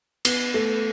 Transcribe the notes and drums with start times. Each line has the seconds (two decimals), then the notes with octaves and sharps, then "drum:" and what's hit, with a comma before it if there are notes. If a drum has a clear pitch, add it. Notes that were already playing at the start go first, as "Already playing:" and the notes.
0.25 B3, drum: cymbal
0.54 A3